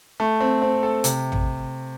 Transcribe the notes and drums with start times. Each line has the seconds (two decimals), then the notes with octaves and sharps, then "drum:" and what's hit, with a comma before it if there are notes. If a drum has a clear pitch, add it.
0.20 A3
0.40 C4
0.62 C4
0.83 A4
1.04 C3, drum: hi-hat
1.32 drum: tom A1